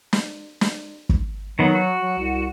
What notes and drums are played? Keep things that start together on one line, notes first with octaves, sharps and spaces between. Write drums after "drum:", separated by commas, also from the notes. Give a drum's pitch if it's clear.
drum: snare
drum: snare
drum: kick
D#3 F#3 B3
F#4
F#3
C2